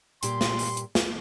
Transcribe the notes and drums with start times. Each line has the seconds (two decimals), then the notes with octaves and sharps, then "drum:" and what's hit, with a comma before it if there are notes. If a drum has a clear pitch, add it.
0.23 G2 A#2 G4 C6, drum: hi-hat
0.41 drum: snare
0.59 drum: open hi-hat
0.77 drum: hi-hat
0.95 drum: snare